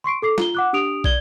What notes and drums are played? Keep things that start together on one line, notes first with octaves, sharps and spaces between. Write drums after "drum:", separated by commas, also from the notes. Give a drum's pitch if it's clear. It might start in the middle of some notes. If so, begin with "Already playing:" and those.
C6 C#6 C7 D7
A4 D6 C7
F4 G7, drum: snare
F#5 D6 F#6
D4 G4 D#6 D7 F7
D5 G#6 G7, drum: kick